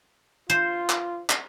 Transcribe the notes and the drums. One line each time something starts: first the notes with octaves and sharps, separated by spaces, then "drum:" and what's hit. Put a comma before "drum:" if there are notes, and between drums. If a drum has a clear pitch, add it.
F4 C5
drum: clap
drum: clap